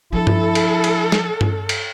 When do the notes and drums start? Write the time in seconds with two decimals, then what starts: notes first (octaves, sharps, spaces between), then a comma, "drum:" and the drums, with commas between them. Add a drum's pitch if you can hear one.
0.13 F3 D4 E4 A4
0.27 drum: tom G2
0.55 drum: cymbal
0.84 drum: cymbal
1.12 drum: snare
1.41 drum: tom G2
1.69 drum: cymbal